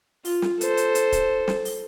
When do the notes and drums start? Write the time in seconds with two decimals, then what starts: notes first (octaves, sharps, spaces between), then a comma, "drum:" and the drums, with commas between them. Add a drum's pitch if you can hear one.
0.25 F4, drum: open hi-hat
0.42 drum: snare
0.61 A4 C5, drum: hi-hat
0.77 drum: hi-hat
0.95 drum: hi-hat
1.12 drum: kick D1, hi-hat
1.48 drum: snare
1.65 drum: open hi-hat